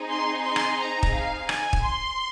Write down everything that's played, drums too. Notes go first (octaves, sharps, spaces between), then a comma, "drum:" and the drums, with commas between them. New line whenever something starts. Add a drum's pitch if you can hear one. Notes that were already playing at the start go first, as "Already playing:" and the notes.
Already playing: C4 D#4 G#4
C6
C6
drum: rim click
A#5
drum: kick
F5
G#5, drum: rim click
drum: kick
C6